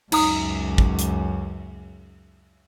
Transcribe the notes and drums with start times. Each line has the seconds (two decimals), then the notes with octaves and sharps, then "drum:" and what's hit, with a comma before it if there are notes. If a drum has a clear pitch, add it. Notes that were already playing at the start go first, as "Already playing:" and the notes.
0.12 C#2 F#2 D#4 A#5 D#6, drum: cymbal
0.78 drum: kick
0.99 drum: hi-hat